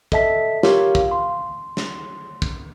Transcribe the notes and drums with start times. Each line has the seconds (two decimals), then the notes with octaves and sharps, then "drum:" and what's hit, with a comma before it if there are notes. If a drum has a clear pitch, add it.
0.12 A4 D#5 E5 A5 B6, drum: kick
0.63 F4 G4 A#4 C#5 F5, drum: snare
0.95 F5, drum: kick
1.11 C6
1.77 drum: snare
2.42 drum: kick